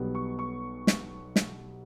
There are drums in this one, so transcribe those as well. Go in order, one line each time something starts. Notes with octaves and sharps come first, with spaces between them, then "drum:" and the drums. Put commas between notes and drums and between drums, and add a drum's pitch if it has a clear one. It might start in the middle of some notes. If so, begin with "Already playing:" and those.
Already playing: B1 B2 G3 B3
C#6
C#6
drum: snare
drum: snare